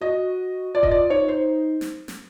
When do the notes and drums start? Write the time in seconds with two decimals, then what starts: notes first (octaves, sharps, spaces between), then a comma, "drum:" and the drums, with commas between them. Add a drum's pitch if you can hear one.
0.01 F#4 D#5
0.75 F4 D5
0.83 D#5, drum: kick E1
0.91 D5
1.10 D#4 C#5
1.28 C5
1.81 drum: snare
2.08 drum: snare